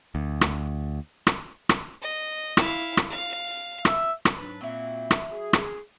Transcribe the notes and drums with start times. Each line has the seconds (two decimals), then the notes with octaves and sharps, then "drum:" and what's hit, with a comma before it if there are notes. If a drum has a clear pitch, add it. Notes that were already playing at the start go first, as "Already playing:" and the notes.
0.15 D2
0.41 drum: rim click
1.27 drum: rim click
1.69 drum: rim click
2.02 D#5
2.57 E4 F5, drum: rim click
2.97 drum: rim click
3.11 F5
3.85 E5, drum: rim click
4.25 drum: rim click
4.38 G#2 F#3 D4 B4
4.61 A#2 F#3 A#3 C4 E4
5.11 drum: rim click
5.32 G#4
5.53 drum: rim click